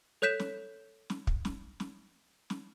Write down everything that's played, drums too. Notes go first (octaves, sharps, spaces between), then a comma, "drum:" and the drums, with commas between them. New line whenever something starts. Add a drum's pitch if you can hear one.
A4 C#5 F#6 G6 B6 E7
drum: snare
drum: snare
drum: kick
drum: snare
drum: snare
drum: snare